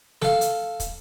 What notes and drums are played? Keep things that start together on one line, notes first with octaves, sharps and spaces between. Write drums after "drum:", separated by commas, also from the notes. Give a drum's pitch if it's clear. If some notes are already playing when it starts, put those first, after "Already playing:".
A4 F5, drum: snare
drum: hi-hat
drum: kick, hi-hat